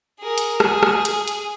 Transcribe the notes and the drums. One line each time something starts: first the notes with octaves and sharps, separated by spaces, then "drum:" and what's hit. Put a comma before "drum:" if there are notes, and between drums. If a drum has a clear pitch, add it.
G#4 A#4
drum: hi-hat
G#4, drum: rim click
drum: rim click
drum: hi-hat
drum: hi-hat